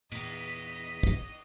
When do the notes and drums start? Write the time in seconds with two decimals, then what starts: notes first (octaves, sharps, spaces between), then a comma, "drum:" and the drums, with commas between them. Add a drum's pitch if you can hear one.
0.12 E2 A#2 D#5 B6, drum: cymbal
1.03 drum: kick